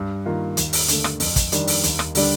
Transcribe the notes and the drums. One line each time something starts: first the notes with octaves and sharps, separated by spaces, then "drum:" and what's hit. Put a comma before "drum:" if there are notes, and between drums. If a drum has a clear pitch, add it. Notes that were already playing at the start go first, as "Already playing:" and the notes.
Already playing: G2
D#3 A#3 F4
D#2, drum: hi-hat
drum: open hi-hat
D3 A3, drum: hi-hat
drum: rim click
F2, drum: open hi-hat
drum: kick, hi-hat
D#3 G3 D4, drum: hi-hat
drum: open hi-hat
D#2, drum: hi-hat
drum: rim click
D3 G3 D4, drum: open hi-hat